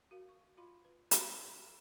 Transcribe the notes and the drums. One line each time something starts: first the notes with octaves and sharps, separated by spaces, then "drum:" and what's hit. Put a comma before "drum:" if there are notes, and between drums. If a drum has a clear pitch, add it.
F#4 A#4 F5
C#6
F4 D#5 F5 B5 C6
B4
F#4 A4, drum: hi-hat